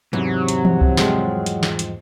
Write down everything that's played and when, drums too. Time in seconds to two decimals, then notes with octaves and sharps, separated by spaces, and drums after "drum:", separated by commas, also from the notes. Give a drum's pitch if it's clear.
0.13 E2 G#2 C3 E3 F#3
0.48 drum: hi-hat
0.65 drum: tom E3
0.81 drum: kick C2
0.97 F3 G3 G#3, drum: snare
1.46 drum: hi-hat
1.63 drum: snare
1.79 drum: hi-hat